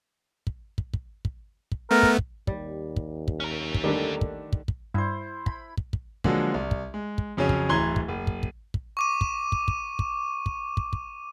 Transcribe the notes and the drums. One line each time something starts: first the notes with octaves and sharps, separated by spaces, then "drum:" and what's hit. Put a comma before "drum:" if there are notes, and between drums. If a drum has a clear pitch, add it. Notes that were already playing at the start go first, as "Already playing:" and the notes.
drum: kick
drum: kick
drum: kick
drum: kick
drum: kick
A3 B3 A#4
drum: kick
drum: kick
D#2 G3, drum: kick
drum: kick
drum: kick
C#4 A#4
drum: kick
D3 D#3 G3 A3 D4
drum: kick
drum: kick
drum: kick
G2 E4 C5
B5, drum: kick
drum: kick
drum: kick
D3 F3 F#3 G#3 A#3, drum: kick
C2
drum: kick
G#3
drum: kick
F2 C#3 F#3 C#4
drum: kick
D1 E3 A#5 C6 G#6 G7
drum: kick
F#1
drum: kick
drum: kick
drum: kick
C#6 D6 D#7
drum: kick
drum: kick
drum: kick
drum: kick
drum: kick
drum: kick
drum: kick